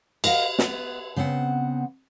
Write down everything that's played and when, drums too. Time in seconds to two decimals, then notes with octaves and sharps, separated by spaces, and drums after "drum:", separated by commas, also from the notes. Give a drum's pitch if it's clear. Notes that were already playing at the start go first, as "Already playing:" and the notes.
0.24 A#4 D#5 F5 F#5, drum: cymbal
0.59 B3, drum: snare
1.16 C#3 B3 C4 F#5